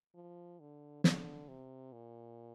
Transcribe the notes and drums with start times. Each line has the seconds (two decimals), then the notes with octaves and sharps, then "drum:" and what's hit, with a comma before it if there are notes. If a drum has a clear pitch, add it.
0.15 F3
0.60 D3
1.04 D3, drum: snare
1.48 C3
1.92 A#2